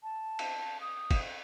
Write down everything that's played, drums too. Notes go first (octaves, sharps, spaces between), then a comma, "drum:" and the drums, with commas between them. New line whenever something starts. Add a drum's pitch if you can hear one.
A5
drum: cymbal
D#6
drum: kick, cymbal